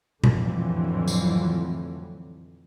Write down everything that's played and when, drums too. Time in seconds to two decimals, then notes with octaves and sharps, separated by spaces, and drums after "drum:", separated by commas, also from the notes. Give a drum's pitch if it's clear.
0.24 F2 A2 D3 E3 F#3, drum: tom A#2
1.08 drum: tambourine